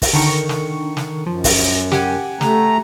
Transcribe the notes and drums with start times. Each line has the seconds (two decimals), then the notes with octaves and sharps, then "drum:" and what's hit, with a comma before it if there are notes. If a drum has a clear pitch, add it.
0.02 drum: kick, open hi-hat
0.13 D3 D#3 C#6
0.49 drum: snare
0.97 drum: snare
1.26 F#2 F3
1.44 drum: kick, open hi-hat
1.92 G4 F#5 G#5, drum: snare
2.41 A3 A#5, drum: snare